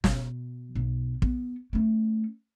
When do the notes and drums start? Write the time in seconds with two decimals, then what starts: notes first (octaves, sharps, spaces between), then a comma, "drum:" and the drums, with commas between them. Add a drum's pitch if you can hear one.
0.04 B2, drum: snare
0.75 B1
1.22 B3, drum: kick
1.73 A3 C#4